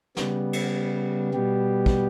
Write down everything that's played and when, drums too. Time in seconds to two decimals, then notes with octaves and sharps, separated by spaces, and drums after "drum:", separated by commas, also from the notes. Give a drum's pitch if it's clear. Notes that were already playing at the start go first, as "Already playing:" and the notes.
0.17 C#3 G3 B3, drum: snare
0.53 drum: cymbal
1.34 B2 G3 B3 G4
1.86 drum: kick